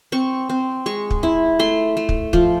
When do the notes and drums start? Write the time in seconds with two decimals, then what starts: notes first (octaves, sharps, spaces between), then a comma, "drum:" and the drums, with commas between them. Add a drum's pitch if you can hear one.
0.12 C4 C#6
0.50 C4
0.86 G#3 C#6
1.10 drum: kick
1.23 E4
1.59 A3 C6
1.97 A3
2.09 drum: kick
2.33 F3, drum: kick